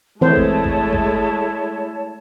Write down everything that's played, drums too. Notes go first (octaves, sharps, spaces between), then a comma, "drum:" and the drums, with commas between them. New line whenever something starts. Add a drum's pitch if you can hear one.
E3 G#3 A3 C4 E4 C5 C#5 A5
drum: kick G1
drum: kick G1
drum: kick G1